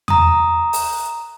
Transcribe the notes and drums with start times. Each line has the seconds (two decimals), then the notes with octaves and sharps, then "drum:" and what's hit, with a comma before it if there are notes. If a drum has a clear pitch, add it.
0.08 A#5 D#6, drum: tom E2
0.73 drum: open hi-hat